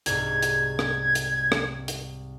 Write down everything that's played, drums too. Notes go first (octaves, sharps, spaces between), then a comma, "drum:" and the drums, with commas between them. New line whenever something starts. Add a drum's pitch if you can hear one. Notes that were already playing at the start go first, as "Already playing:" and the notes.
C2 G#2 G#6, drum: hi-hat
drum: hi-hat
drum: rim click
drum: hi-hat
drum: rim click
drum: hi-hat